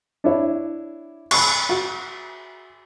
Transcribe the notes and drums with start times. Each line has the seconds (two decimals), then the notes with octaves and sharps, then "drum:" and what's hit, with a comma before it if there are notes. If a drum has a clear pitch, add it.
0.24 D4 E4 C#5
1.31 B5 C#6, drum: cymbal
1.69 F#4